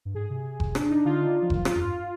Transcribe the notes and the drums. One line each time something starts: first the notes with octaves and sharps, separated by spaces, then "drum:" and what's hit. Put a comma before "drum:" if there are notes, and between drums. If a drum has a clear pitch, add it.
G2
G#2 G#4
C3
drum: kick F#1
D4, drum: rim click
D#4
D3 F4
F3
D#3, drum: kick F#1
F3
F4, drum: rim click
F2
G2